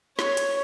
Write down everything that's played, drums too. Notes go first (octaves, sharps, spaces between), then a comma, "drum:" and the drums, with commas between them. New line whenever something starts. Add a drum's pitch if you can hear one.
C#5, drum: snare
drum: hi-hat